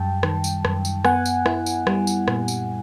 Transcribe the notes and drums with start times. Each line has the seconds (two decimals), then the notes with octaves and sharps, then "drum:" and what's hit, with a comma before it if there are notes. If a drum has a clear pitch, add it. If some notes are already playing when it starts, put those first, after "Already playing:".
Already playing: F#2 G3 G5 A5
0.23 D#3, drum: rim click
0.44 drum: tambourine
0.65 F#2, drum: rim click
0.85 drum: tambourine
1.05 B3 F#5 G#5, drum: rim click
1.26 drum: tambourine
1.46 E4, drum: rim click
1.66 drum: tambourine
1.87 G3, drum: rim click
2.07 drum: tambourine
2.28 A#2, drum: rim click
2.48 drum: tambourine